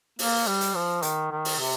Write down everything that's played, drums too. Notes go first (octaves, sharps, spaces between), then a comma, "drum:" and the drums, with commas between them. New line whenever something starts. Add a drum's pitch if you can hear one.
A#3, drum: open hi-hat
G3
drum: hi-hat
F3
D#3, drum: hi-hat
D#3
drum: open hi-hat
C3